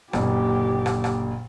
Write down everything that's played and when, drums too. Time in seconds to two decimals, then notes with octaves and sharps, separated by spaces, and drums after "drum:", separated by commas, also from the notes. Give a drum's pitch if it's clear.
0.13 F#1 A#2 D3 G4, drum: rim click
0.86 drum: rim click
1.04 drum: rim click